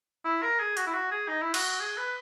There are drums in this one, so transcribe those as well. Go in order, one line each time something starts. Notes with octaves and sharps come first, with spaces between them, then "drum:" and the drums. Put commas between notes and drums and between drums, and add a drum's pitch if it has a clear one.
E4
A#4
G#4
F#4, drum: hi-hat
E4
F#4
G#4
D#4
E4
F#4, drum: cymbal
G#4
B4